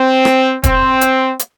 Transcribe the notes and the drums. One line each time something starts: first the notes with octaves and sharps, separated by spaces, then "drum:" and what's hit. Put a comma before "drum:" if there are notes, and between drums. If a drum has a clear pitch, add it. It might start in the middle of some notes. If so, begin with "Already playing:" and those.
Already playing: C4
drum: rim click
C4, drum: kick E1, hi-hat
drum: hi-hat
drum: hi-hat